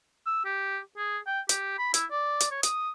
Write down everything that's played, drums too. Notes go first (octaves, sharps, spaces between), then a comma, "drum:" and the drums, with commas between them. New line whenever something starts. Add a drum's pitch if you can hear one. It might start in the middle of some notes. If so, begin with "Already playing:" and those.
E6
G4
G#4
G5
G4, drum: hi-hat
B5
E4, drum: hi-hat
D5
drum: hi-hat
C#5
D#6, drum: hi-hat